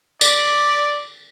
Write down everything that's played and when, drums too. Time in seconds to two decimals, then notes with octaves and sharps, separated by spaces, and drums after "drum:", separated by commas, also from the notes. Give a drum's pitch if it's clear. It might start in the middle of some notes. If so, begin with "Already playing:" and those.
0.21 D5, drum: tambourine